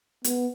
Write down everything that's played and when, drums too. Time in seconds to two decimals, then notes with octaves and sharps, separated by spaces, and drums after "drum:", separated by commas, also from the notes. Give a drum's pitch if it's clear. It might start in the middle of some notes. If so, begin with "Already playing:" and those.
0.24 B3, drum: hi-hat